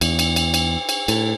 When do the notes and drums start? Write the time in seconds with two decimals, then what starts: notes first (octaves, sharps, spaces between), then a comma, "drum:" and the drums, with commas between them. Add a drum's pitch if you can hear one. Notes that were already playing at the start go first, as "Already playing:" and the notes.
0.01 E2, drum: cymbal
0.19 drum: cymbal
0.36 drum: cymbal
0.54 drum: cymbal
0.89 drum: cymbal
1.08 A2, drum: cymbal